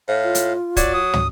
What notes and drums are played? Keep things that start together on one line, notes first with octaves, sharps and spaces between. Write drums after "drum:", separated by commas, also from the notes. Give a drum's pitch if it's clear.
A2 F5
F4
drum: hi-hat
F#3 D5, drum: kick, hi-hat
D#6
drum: tom